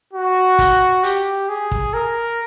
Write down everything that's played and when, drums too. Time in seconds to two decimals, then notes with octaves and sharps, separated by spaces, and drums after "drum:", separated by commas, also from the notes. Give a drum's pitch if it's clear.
0.13 F#4
0.59 drum: kick, hi-hat
1.04 G4, drum: hi-hat
1.49 G#4
1.71 drum: kick
1.94 A#4